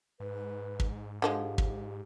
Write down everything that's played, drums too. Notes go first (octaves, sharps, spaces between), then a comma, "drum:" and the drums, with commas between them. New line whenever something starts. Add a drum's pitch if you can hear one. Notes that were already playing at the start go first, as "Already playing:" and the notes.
G#2 B4
drum: kick
G#2 D3 F3 G#3 G4
drum: kick